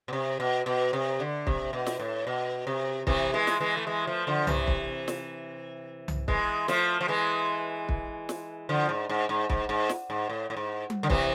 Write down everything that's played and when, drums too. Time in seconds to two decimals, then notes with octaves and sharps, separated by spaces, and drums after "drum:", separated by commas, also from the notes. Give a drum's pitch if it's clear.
0.08 B2
0.13 C3
0.40 B2
0.66 B2
0.93 C3
1.20 D3
1.47 C3, drum: kick
1.73 B2
1.86 drum: snare
1.99 A2
2.27 B2
2.67 C3
3.07 C3 E3, drum: kick
3.34 E3 G#3
3.47 drum: snare
3.60 E3 G#3
3.77 A3
3.87 E3 G#3
4.07 F3 A3
4.27 D3 F3
4.47 C3 E3, drum: tom C2
4.68 drum: kick
5.08 drum: snare
6.08 drum: tom C2
6.28 E3 G#3, drum: kick
6.68 F3 A3, drum: snare
7.01 F3
7.08 E3 G#3
7.89 drum: kick
8.29 drum: snare
8.69 D3 F3
8.89 G#2
9.09 G#2
9.29 G#2
9.50 G#2, drum: kick
9.69 G#2
9.89 drum: snare
10.10 G#2
10.29 A2
10.50 A2
10.57 G#2
10.90 drum: tom G3
11.03 D3
11.10 C3 E3, drum: kick